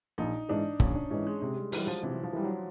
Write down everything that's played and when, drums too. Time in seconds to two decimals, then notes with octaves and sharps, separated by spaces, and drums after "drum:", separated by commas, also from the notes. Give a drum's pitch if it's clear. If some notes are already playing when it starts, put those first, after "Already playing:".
0.18 A#1 D#4
0.49 G#2 E3 D4
0.80 A#1 C#4, drum: kick
0.95 D4
1.10 G#2 E3 C#4
1.27 G#3
1.42 C3 G#3
1.56 G3
1.72 E3 F#3 G3, drum: open hi-hat
1.87 F3
2.03 C3 E3
2.23 F3
2.33 E3 G3
2.44 F#3